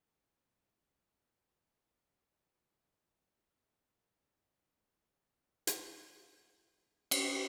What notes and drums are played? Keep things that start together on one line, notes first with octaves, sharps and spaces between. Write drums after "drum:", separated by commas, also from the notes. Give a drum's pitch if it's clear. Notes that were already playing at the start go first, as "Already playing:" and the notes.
Already playing: A#2
B2
A#2
B2
C3
C#3
D3
D3
D#3
G#3
F#3
G3
A3
A#3
A3
A#3
C4
C4
drum: hi-hat
A3
G#3
G#3
D#3
E3
drum: cymbal